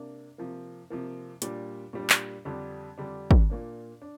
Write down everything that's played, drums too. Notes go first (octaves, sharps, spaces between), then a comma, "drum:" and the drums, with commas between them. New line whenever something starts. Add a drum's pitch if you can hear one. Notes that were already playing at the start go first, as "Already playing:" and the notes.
Already playing: C3 A#3 D4
C3 F3 A#3
C3 F3 A#3
A#2 G3 D4, drum: hi-hat
A#2 G3 D4
drum: clap
F2 D3 G3 D4
F2 D3 G3 D4
drum: kick
A#2 A#3 D4
D4